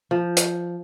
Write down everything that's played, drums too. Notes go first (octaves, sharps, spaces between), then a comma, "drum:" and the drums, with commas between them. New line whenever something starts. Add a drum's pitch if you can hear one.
F3
drum: hi-hat